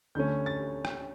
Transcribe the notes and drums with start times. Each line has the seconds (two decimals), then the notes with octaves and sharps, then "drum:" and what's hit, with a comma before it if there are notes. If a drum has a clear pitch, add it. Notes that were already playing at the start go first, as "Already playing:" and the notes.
0.15 D2 D3 A3 C#4 G6
0.46 A6
0.85 drum: rim click